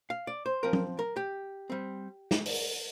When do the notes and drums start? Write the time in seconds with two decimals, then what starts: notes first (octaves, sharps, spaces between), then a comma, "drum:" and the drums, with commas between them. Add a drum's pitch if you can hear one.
0.10 F5
0.27 D5
0.46 C5
0.63 F3 C4 A#4
0.73 drum: tom
0.99 A#4
1.16 G4
1.70 G3 C4
2.31 drum: snare
2.46 drum: open hi-hat